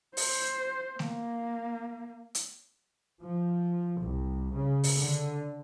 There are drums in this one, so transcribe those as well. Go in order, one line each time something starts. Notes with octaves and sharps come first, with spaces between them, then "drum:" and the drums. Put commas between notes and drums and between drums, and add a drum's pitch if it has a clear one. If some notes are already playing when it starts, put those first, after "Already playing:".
C5, drum: open hi-hat
A#3, drum: snare A3
drum: hi-hat
F3
C2
C#3
drum: open hi-hat
D3